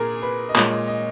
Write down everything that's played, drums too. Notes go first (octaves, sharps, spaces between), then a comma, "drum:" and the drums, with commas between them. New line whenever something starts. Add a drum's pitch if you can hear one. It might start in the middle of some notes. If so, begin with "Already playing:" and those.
Already playing: A#2 G#4 A#4
B4
D#5
A#2 G#3 C#5, drum: clap
D#5
D#5